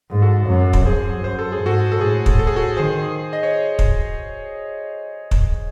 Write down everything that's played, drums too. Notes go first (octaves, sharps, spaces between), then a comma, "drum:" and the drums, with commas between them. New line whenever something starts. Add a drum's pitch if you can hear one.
G#2
F#4 A4
F#2
drum: kick
F#2 G#4 C5
F#2 C5
A4
G#4
G#2 F#4 A4
A4
A2 G#4
drum: kick
A4
G#4
F#4 A4
D#3 G#4 C5
D#5
C#5
drum: kick
drum: kick